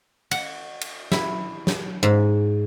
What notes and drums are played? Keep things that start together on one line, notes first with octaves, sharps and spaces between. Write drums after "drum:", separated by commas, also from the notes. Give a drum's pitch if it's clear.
F#5, drum: cymbal
drum: cymbal
E4, drum: snare
drum: snare
G#2